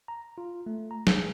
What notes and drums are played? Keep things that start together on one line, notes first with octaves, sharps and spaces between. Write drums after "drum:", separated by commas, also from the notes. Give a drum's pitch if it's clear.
A#5
F4
A3
A#5
G#4, drum: snare